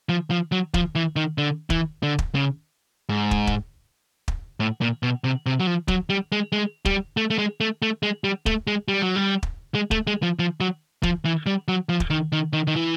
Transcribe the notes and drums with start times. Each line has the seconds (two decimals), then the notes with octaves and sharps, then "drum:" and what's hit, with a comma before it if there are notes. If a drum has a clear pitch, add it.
0.09 F3
0.31 F3
0.52 F#3
0.74 F3, drum: kick
0.95 E3
1.16 D#3
1.38 D3
1.70 E3, drum: kick
2.03 D3
2.19 drum: kick
2.35 C#3
3.09 G#2
3.31 drum: kick
3.47 drum: kick
4.28 drum: kick
4.60 A2
4.81 A#2
5.03 B2
5.24 C3
5.46 C3
5.60 F#3
5.67 F3
5.88 F#3, drum: kick
6.10 G3
6.32 G#3
6.52 G#3
6.85 G3, drum: kick
7.17 A3
7.30 A3
7.38 G#3
7.61 A3
7.82 A3
8.03 G#3
8.24 G3
8.46 A3, drum: kick
8.67 G#3
8.88 G3
9.02 F#3
9.16 G3
9.43 drum: kick
9.75 G#3
9.91 A3, drum: kick
10.07 G#3
10.23 F3
10.39 F3
10.60 F#3
11.03 F3, drum: kick
11.25 E3
11.46 G3
11.68 F#3
11.89 F3
12.00 drum: kick
12.10 D#3
12.32 D#3
12.53 D#3
12.67 D#3
12.76 E3